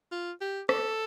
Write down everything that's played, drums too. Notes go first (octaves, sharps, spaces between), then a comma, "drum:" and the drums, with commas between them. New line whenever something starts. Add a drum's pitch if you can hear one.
F4
G4
A4, drum: rim click